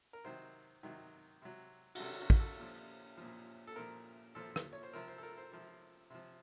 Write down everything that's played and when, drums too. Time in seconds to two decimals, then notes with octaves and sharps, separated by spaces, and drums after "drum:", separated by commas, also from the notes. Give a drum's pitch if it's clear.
0.13 A#4
0.24 C3 D#3 F#3 C5
0.83 C3 D#3 F#3
1.42 C3 F#3
1.95 F#4, drum: cymbal
2.00 C3 F#3 A4
2.20 F#4
2.30 F#4, drum: kick
2.40 A4
2.59 A#2 F3
3.18 A#2 F3
3.67 A4
3.76 A#2 F3 A#4
4.35 A#2 F3 A4
4.56 drum: rim click
4.73 C#5
4.83 C5
4.93 C3 F3 A#4
5.08 C5
5.18 A4
5.23 A#4
5.38 C5
5.52 C3 F3
6.10 C3 F3